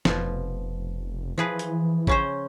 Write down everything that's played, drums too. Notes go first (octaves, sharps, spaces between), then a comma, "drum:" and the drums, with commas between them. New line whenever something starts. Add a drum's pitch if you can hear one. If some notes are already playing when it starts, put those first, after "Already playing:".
F1 B2 F3, drum: snare
E3 F3 G#4 B4
drum: hi-hat
C#3 C#4 C5, drum: kick A1